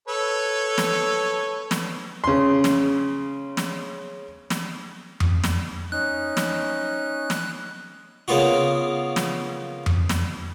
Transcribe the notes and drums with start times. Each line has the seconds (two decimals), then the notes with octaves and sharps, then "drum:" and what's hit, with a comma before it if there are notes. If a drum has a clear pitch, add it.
0.08 A4 B4 C#5
0.78 drum: snare
1.71 drum: snare
2.24 C#3 C6
2.64 drum: snare
3.57 drum: snare
4.50 drum: snare
5.20 drum: tom F2
5.44 drum: snare
5.92 C#4 D#4 F#6
6.37 drum: snare
7.30 drum: snare
8.28 C#3 A#3 B3 F4 F#4
9.16 drum: snare
9.86 drum: tom F2
10.09 drum: snare